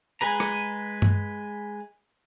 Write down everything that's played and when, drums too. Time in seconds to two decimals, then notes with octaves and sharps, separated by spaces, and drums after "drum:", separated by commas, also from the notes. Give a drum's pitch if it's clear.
0.21 G#3 G#4 B4 A#5
0.40 drum: rim click
1.02 drum: tom G2